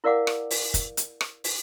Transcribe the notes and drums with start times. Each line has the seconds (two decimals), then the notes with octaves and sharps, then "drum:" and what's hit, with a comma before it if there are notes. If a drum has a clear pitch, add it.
0.04 E4 A#4 D5 F5 F#5 D6
0.27 drum: rim click
0.50 drum: open hi-hat
0.74 drum: kick, hi-hat
0.97 drum: hi-hat
1.21 drum: rim click
1.44 drum: open hi-hat